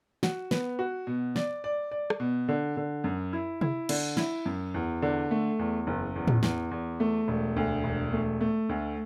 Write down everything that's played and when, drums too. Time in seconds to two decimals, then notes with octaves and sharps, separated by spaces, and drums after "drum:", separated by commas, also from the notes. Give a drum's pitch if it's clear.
0.23 F#4, drum: snare
0.51 B3, drum: snare
0.79 F#4
1.07 B2
1.36 D5, drum: snare
1.64 D5
1.91 D5
2.10 drum: rim click
2.20 B2
2.48 D3
2.77 D3
3.04 F#2
3.33 E4
3.61 E4, drum: tom C3
3.89 D3, drum: cymbal
4.17 E4, drum: snare
4.46 F#2
4.74 E2
5.02 D3
5.31 A3
5.59 E2
5.87 F#1
6.16 E2
6.28 drum: tom A2
6.43 E2, drum: snare
6.71 E2
7.00 A3
7.28 E1
7.56 D2
7.84 E1
8.13 A3
8.41 A3
8.69 D2